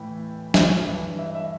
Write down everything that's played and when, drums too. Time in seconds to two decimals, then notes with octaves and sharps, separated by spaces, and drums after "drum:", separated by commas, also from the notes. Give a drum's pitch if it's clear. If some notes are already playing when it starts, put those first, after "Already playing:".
Already playing: A2 E3 G5 B5
0.54 E5, drum: snare
0.87 G2 E3
1.19 E5
1.35 E5